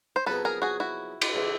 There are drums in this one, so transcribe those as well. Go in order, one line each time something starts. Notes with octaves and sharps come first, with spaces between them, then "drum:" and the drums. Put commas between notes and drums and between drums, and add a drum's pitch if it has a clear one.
C5
F2 C#3 F#3 B3 D#4 A4 B4
G#4 A#4
F#4 G#4
E4 F#4
drum: cymbal
C#2 C#3 E3